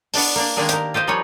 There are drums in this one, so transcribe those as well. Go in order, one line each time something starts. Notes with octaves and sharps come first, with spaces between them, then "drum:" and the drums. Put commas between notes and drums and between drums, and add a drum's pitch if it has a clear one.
B3 D4 A5, drum: open hi-hat
A#3 D4
D#3 G#3 A#3 D4 G#4 A#4
G4 A#4, drum: hi-hat
F4 G4 C5 D#5
F3 G3 D#4 A#4 B4 C#5